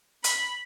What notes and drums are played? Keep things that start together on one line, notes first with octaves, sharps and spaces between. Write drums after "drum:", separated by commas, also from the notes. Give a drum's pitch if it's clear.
B5, drum: hi-hat